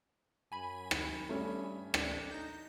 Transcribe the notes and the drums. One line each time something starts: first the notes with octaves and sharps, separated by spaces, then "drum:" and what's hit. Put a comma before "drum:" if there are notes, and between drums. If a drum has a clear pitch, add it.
F#2 G#5 B5
D#3, drum: rim click
G2 A3 C#4
A1 D4, drum: rim click
D#4 G6 A#6